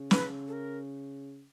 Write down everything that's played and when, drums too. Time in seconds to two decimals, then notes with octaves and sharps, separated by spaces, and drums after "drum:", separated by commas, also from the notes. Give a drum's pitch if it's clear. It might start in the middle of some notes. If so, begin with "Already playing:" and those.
Already playing: C#3
0.11 B4, drum: snare
0.47 A4
0.53 A#4